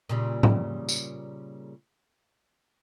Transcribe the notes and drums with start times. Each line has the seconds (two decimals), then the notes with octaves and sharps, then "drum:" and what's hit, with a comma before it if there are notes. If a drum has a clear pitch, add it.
0.09 A#2 C#3 G3
0.43 drum: tom A2
0.89 drum: tambourine